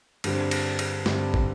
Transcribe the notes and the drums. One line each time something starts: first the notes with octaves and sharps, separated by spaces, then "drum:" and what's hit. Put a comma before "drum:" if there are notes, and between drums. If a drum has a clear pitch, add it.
G2 D3 G3 C4, drum: cymbal
drum: cymbal
drum: cymbal
G2 D3 G3 C4, drum: snare
drum: kick